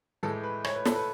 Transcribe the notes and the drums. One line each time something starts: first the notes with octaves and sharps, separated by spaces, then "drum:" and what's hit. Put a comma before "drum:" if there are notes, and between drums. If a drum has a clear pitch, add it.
A2 E3 G#3 A4
B4
C#5, drum: rim click
B4
A4, drum: snare
B4